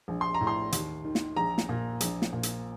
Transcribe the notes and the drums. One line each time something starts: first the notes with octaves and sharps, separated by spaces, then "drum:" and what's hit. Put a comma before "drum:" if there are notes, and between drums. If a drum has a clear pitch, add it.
A#1
C6
A#5
A2
C6
D#2, drum: hi-hat
D#3
drum: snare
A#1 A#5
drum: snare
A#2
A#1, drum: hi-hat
drum: snare
A#2
drum: hi-hat